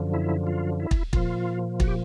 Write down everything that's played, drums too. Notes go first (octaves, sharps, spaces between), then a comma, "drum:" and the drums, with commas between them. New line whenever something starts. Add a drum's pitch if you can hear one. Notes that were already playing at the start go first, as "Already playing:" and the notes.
Already playing: F#2 D3 F3
E4
F4
E4
drum: kick
A#2 F3 F4, drum: kick
F#4, drum: kick
G4